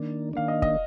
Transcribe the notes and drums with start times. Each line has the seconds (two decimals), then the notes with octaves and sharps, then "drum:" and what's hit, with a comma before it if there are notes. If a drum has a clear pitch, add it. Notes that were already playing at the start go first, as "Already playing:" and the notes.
Already playing: D#3 A#3 D4
0.33 D#3 A#3 D4 F5
0.48 D#5
0.62 D#5, drum: kick